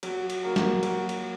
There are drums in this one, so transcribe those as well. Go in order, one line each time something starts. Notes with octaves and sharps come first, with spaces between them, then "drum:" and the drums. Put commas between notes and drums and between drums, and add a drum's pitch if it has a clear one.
F#3, drum: cymbal
drum: cymbal
A#3 F#4 A#4
drum: snare
F#3, drum: cymbal
drum: cymbal